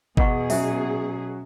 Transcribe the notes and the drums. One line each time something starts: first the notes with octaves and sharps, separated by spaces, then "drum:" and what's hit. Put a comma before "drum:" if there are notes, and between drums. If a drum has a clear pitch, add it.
E2 B2 G#4 D#5 F#5 C#6, drum: kick G1
F#3 C#4 F#4 E5, drum: open hi-hat